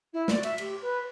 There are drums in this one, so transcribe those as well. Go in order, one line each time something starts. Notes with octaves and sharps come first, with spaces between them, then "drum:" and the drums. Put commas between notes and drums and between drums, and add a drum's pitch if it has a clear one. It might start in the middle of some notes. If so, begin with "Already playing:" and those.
E4
D5, drum: snare
F#4
E5, drum: cymbal
G4, drum: cymbal
B4